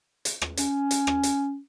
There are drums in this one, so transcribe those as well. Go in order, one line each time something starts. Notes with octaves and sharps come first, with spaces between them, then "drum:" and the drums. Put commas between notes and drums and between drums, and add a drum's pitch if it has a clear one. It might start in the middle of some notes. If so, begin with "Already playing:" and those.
drum: hi-hat
drum: rim click
C#4, drum: hi-hat
drum: hi-hat
drum: rim click
drum: hi-hat